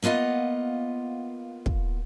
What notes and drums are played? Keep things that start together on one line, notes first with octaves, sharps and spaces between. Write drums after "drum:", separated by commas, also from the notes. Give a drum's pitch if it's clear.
A#3 B3 F4 D#5 F#5
drum: kick